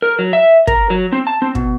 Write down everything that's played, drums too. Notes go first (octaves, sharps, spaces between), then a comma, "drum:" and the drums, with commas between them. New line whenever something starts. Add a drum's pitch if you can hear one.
A#4
F#3
E5
A#4, drum: kick
F#3
C4
A5
C4
B2, drum: kick